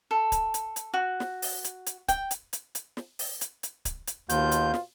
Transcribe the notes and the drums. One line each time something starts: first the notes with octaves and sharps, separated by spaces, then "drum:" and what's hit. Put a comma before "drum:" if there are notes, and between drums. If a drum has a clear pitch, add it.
A4
drum: kick D1, hi-hat
drum: hi-hat
drum: hi-hat
F#4
drum: snare
drum: open hi-hat
drum: hi-hat
drum: hi-hat
G5, drum: kick D1, hi-hat
drum: hi-hat
drum: hi-hat
drum: hi-hat
drum: snare
drum: open hi-hat
drum: hi-hat
drum: hi-hat
drum: kick D1, hi-hat
drum: hi-hat
D#2 B2 F4 G6, drum: hi-hat
drum: hi-hat
drum: snare